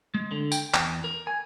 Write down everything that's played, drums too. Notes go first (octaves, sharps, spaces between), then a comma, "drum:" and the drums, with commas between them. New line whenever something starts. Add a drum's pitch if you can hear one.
G#3
D3
G5, drum: tambourine
E2, drum: clap
A#4
G#5